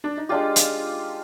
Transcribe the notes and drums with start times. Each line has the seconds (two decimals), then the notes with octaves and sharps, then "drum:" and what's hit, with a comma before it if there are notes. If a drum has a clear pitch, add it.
0.04 D4
0.17 D#4
0.29 G#3 D4 F4 G4
0.56 drum: hi-hat